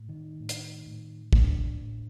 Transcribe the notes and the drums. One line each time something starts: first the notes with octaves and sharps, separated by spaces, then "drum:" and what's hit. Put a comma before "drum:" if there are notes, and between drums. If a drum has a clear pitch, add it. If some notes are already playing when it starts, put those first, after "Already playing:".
Already playing: A2
D#3
A2
drum: hi-hat
A2
A2 D4, drum: kick
A2